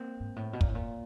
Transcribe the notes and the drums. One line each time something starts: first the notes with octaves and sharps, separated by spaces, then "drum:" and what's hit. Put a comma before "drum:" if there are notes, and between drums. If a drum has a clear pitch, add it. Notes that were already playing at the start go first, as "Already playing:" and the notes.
Already playing: A#3 C4
G#2
A2
B2
A#2, drum: kick
A2
A#2